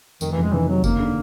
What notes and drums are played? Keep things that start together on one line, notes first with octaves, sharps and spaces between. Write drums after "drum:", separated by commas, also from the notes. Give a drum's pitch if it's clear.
F1 D#3, drum: tambourine
E3
F2
G#3
D#3 E3
C3 F#3
D#2 A#3, drum: kick F1, tambourine
D3